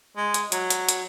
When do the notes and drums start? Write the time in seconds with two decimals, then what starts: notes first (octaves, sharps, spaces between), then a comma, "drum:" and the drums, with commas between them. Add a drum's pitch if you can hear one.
0.17 G#3
0.34 drum: hi-hat
0.52 F#3, drum: hi-hat
0.70 drum: hi-hat
0.89 drum: hi-hat